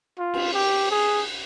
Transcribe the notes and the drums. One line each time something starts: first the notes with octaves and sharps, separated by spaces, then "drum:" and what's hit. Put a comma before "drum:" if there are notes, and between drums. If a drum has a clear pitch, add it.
F4
drum: cymbal
G4
G#4